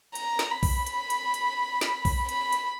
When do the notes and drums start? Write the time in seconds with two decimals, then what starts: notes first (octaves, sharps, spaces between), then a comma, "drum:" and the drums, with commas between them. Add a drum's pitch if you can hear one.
0.15 A#5, drum: hi-hat
0.39 drum: snare
0.51 B5
0.63 drum: kick B1, open hi-hat
0.86 drum: hi-hat
1.10 drum: hi-hat
1.34 drum: hi-hat
1.81 drum: snare
2.05 drum: kick B1, open hi-hat
2.29 B5, drum: hi-hat
2.53 drum: hi-hat